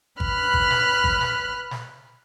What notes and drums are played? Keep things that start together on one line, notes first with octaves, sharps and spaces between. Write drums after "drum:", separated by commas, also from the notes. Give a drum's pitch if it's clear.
B4 B5 F6 F#6, drum: kick G#1
drum: kick G#1
drum: snare
drum: kick G#1
drum: snare
drum: snare